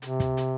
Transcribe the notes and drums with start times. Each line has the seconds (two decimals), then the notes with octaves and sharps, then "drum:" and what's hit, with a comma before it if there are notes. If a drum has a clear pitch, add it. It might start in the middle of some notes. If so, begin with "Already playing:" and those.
0.02 C3, drum: hi-hat
0.20 drum: kick, hi-hat
0.37 drum: hi-hat